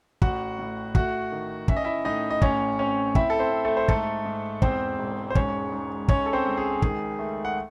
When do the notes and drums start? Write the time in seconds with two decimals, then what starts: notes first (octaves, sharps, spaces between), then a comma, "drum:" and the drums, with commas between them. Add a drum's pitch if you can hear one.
0.22 A1 F#4 F#5, drum: kick
0.59 A2
0.95 A3 F#4 F#5, drum: kick
1.32 D#3
1.68 C#4 E5, drum: kick
1.76 D#5
1.84 E4 E5
2.05 A2 D#4 D#5
2.30 D#5
2.42 A1 C#4 C#5, drum: kick
2.79 C4 C#4 C#5
3.15 C4 E4 E5, drum: kick
3.30 A4
3.39 C4 C5
3.52 C4
3.65 A3 A4
3.77 C5
3.88 G#2 A3 A4, drum: kick
4.25 G#2
4.62 E2 C4 C5, drum: kick
4.99 E1
5.30 C5
5.35 G#2 C#4 C#5, drum: kick
5.72 G#2
6.08 C#2 C#4 C#5, drum: kick
6.26 A4
6.33 C4 C5
6.46 C#2
6.57 G#4
6.82 D#3 G#4, drum: kick
7.19 A3
7.45 F#5